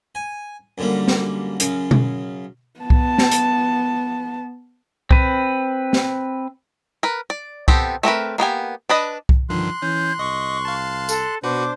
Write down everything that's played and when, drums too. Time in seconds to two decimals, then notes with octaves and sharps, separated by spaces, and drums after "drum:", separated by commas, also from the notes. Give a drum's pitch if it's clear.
0.15 G#5
0.78 F#2 D3 G3 A#3
1.08 drum: snare
1.60 F#2 C#3, drum: hi-hat
1.91 drum: tom B2
2.80 B3 A5
2.90 drum: kick C2
3.18 drum: snare
3.31 drum: hi-hat
5.11 C4 B4, drum: kick C2
5.93 drum: snare
7.03 A#4 B4
7.30 D5
7.68 B3 C4 G4 A4, drum: kick C2
8.03 A3 C4 A#4 B4
8.38 A#3 B3 G4 G#5
8.89 D4 B4 D#5
9.29 drum: kick C2
9.50 G2 D3 D#3 F3 C6 F#6
9.82 E3 C#4 G6
10.19 C2 D#5 C#6
10.65 F5 A5
11.09 A4, drum: tambourine
11.44 B2 D4 F#4 B4 C5 D6